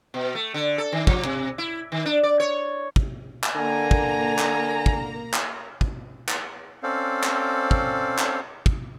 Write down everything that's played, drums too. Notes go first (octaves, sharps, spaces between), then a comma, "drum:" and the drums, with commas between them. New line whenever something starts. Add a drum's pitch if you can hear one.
B2
A3
D3
A4
D#3
F3, drum: kick
C3
E4
D#3
D4
D5
C#5
drum: kick
drum: clap
D3 A#3 G#5 A#5
drum: kick
drum: clap
drum: kick
drum: clap
drum: kick
drum: clap
C4 C#4 A4 C5 D5 F5
drum: clap
drum: kick
drum: clap
drum: kick